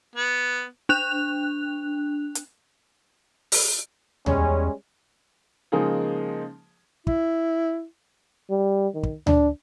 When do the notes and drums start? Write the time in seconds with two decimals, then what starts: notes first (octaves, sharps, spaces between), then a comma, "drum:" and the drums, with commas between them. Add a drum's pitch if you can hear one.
0.16 B3
0.89 D4 F#6 F7
2.35 drum: hi-hat
3.52 drum: open hi-hat
4.26 E2 G3 G#3 C#4, drum: tom D2
5.72 C#3 F3 G#3 A#3 D#4 G#4
7.07 E4, drum: kick
8.50 G3
8.94 D#3
9.03 drum: kick
9.27 D4, drum: tom D2